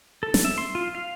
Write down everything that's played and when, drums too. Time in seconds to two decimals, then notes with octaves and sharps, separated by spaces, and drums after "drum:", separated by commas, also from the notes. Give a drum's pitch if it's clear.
0.23 A4
0.34 drum: snare
0.45 E5
0.58 C6
0.75 F4
0.95 F5